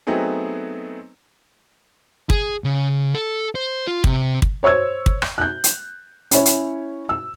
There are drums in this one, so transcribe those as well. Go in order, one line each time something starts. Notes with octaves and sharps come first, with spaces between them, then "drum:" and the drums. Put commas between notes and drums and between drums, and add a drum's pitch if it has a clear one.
F#3 A3 B3 C4 D#4 G#4
G#4, drum: kick
C#3
A4
C5
F4
C3, drum: kick
drum: kick
C5 C#5 C#6 E6 G#6
drum: kick
drum: rim click
F#6 G6
drum: hi-hat
C#4 E4 C#5, drum: hi-hat
drum: hi-hat
E6